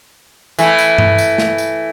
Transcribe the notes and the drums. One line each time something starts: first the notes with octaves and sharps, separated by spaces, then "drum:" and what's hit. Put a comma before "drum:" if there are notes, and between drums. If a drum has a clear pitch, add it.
E3 A3 E4, drum: tambourine
drum: tambourine
drum: tom G2
drum: tambourine
drum: snare
drum: tambourine